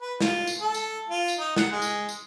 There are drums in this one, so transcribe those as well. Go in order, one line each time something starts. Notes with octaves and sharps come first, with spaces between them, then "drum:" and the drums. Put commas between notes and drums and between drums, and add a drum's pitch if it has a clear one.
B4
F4, drum: snare
drum: tambourine
A4
drum: tambourine
F4
drum: tambourine
D#4
F#5, drum: snare
G#3
drum: tambourine
drum: tambourine